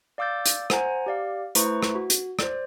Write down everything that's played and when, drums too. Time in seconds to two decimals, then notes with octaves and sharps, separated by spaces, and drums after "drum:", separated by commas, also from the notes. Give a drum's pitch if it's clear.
0.18 D5 F5 D6 E6 G6 A6
0.46 drum: hi-hat
0.70 C5 F#5 G#5 A#5, drum: rim click
1.06 G4 D5 F5
1.55 A3 E4 B4 C5 A#5 C#6, drum: hi-hat
1.83 drum: rim click
1.95 F#4
2.10 drum: hi-hat
2.39 C5 D5, drum: rim click